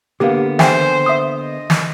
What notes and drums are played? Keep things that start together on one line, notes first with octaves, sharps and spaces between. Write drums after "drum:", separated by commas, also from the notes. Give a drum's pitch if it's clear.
D3 A#3 B3 G4 F5
C5 E5 G5 G#5, drum: snare
E5 D#6
D#5
drum: snare